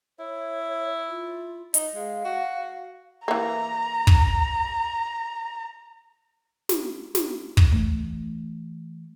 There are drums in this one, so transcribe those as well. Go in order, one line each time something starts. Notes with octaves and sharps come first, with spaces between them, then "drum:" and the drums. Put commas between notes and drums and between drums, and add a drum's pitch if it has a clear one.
E4 C#5
F4
D#4, drum: hi-hat
G#3 F5
F#4
E3 A#3 A#5
drum: kick
drum: snare
drum: snare
drum: kick
E3 A3